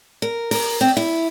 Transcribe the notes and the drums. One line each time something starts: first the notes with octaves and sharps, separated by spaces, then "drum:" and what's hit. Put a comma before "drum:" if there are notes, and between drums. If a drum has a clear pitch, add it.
A#4
A#4, drum: open hi-hat
C4
E4